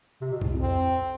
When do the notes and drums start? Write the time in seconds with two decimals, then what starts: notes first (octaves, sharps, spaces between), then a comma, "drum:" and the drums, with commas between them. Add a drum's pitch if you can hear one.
0.21 C3
0.32 B2
0.41 A2, drum: kick B1
0.51 F2
0.61 C4